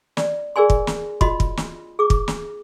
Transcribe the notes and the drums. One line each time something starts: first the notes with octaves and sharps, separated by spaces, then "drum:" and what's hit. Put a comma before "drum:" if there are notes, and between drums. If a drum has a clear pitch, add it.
D5, drum: snare
G#4 A#4 D5 G#5 C6
drum: kick
drum: snare
F4 F#4 D#5 B5 C6, drum: kick
drum: kick
drum: snare
G#4 D6
drum: kick
drum: snare